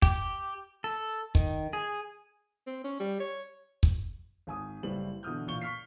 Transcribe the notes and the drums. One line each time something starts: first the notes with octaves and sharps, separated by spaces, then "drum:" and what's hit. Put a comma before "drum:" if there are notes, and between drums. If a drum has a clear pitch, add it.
G4, drum: kick
A4
D#3, drum: kick
G#4
C4
C#4
G3
C#5
drum: kick
G#1 G#5 D#6
F#1 A2 G3 B4 C5 F#7
B2 D3 E3 D#6 F6 G6
A1 A#2 F5 C#6 G7
C#6 F6 B6 C7